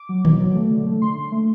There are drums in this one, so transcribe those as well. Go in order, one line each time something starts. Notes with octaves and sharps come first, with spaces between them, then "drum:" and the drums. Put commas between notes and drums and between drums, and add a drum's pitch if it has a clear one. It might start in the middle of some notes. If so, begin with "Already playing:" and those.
Already playing: D6
F#3
B2, drum: tom D3
F#3
A3
D3
A3
D3 C6
D3
A3